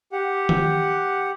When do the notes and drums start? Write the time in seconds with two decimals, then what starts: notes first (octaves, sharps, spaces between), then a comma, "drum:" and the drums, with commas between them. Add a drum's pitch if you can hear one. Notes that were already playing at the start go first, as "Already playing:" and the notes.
0.12 G4 F#5
0.49 drum: tom D#3